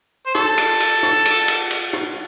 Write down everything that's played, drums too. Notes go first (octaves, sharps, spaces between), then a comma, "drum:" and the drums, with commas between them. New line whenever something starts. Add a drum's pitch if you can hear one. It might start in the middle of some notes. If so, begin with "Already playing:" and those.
C5
A4, drum: rim click
drum: cymbal
drum: cymbal
drum: rim click
drum: cymbal
drum: cymbal
drum: cymbal
drum: rim click